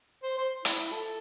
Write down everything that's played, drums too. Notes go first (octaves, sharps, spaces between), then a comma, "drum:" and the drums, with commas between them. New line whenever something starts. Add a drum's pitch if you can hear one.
C5
C5
E4, drum: hi-hat
E4
A4